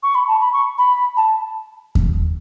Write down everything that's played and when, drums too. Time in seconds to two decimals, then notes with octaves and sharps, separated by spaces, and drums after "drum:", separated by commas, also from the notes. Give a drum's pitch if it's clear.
0.03 C#6
0.15 B5
0.28 A5
0.41 B5
0.53 C#6
0.78 B5
1.17 A5
1.95 drum: kick E2